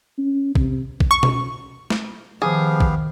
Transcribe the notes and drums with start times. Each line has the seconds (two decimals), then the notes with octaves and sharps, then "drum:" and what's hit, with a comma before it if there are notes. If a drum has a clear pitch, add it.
0.18 C#4
0.55 C3, drum: kick
1.00 drum: kick
1.11 C#6
1.23 drum: tom B2
1.90 drum: snare
2.42 D#3 F3 B3 G4 G#4 F5
2.80 drum: kick